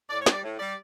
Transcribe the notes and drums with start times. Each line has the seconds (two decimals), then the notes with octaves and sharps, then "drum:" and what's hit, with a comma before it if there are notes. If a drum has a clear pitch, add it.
0.10 A2 D5
0.21 C#5
0.26 G3, drum: snare
0.32 D5
0.43 A2
0.59 G3 D5